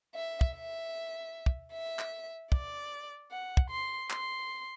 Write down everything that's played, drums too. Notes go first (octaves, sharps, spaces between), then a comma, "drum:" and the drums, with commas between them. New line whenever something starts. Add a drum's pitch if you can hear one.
E5
drum: kick
E5
drum: kick
E5
drum: clap
D5, drum: kick
F#5
drum: kick
C6
C6, drum: clap